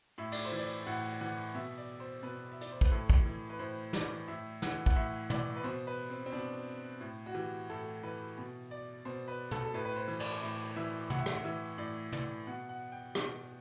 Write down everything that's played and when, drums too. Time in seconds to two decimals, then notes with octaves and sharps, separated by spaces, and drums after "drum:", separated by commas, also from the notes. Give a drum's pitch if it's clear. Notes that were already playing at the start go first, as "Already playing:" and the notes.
0.18 A2 E5
0.32 D5, drum: cymbal
0.45 C5
0.52 E3
0.59 D5
0.86 A2 F#5
1.21 E3 F#5
1.55 B2 E5
1.78 D5
2.00 C5
2.23 B2 B4
2.52 E5
2.61 D5, drum: hi-hat
2.71 C5
2.81 B4, drum: kick
2.91 A2 A4
3.10 drum: kick
3.26 E3
3.49 B4
3.59 A2 C5
3.93 E3 D5, drum: snare
4.28 A2 E5
4.62 E3 F#5, drum: snare
4.86 F#5, drum: kick
4.96 A2 E5
5.30 E3 D5, drum: tom
5.56 B4
5.64 B2 C5
5.87 B4
6.10 C4
6.26 C4
6.32 B2 D4
7.01 A2
7.26 F#4
7.34 E3 G4
7.69 A2 A4
8.03 E3 B4
8.38 B2
8.71 D5
9.05 B2 C5
9.28 B4
9.51 A4, drum: tom
9.65 A4
9.74 A2 B4
9.85 B4
9.96 C5
10.08 E3
10.20 D5, drum: cymbal
10.42 A2
10.76 E3 E5
11.10 A2 F#5, drum: tom
11.18 E5
11.26 F#5, drum: rim click
11.44 E3 E5
11.78 A2 D5
12.12 E3 D5, drum: tom
12.47 B2 F#5
12.69 F#5
12.92 G5
13.15 B2, drum: rim click